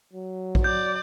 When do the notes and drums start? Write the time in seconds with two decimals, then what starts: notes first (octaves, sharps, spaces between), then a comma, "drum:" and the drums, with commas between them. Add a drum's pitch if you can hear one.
0.13 F#3
0.55 drum: kick A#1
0.64 D5 G6